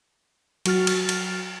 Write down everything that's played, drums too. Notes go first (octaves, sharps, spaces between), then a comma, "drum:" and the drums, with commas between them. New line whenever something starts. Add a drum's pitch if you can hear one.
F#3 F#4 F6 A6, drum: cymbal
drum: cymbal
drum: cymbal